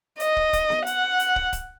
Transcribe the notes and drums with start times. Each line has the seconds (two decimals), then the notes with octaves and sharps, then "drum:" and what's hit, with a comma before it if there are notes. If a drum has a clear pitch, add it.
0.20 D#5, drum: hi-hat
0.37 drum: kick
0.53 drum: kick, hi-hat
0.70 drum: snare B3
0.87 F#5, drum: hi-hat
1.19 drum: hi-hat
1.36 drum: kick
1.53 drum: kick, hi-hat